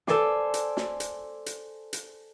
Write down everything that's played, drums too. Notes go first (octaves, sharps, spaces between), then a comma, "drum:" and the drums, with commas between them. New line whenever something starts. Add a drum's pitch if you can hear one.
A4 C5 D5 G#5 C6 D6, drum: snare
drum: hi-hat
drum: snare
drum: hi-hat
drum: hi-hat
drum: hi-hat